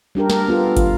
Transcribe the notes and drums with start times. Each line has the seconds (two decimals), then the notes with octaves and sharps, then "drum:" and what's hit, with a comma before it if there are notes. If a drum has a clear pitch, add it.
0.15 G3 D4 G4 A#4
0.30 A#4, drum: snare
0.48 B3 F4 A4
0.77 F4, drum: kick, hi-hat